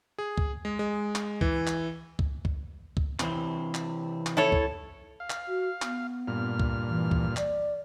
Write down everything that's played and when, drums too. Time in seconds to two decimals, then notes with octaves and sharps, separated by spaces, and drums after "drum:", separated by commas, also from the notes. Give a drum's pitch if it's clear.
0.18 G#4
0.38 drum: kick
0.65 G#3
0.79 G#3
1.15 drum: clap
1.41 E3, drum: kick
1.67 drum: clap
2.19 drum: kick
2.45 drum: kick
2.97 drum: kick
3.20 C3 E3 C4, drum: clap
3.74 drum: clap
4.26 drum: clap
4.37 E4 A4 C#5
4.52 drum: kick
5.20 F5
5.30 drum: clap
5.48 F#4
5.82 B3, drum: clap
6.28 G2 A#2 F6
6.60 drum: kick
6.89 E3
7.11 drum: kick
7.36 D5, drum: clap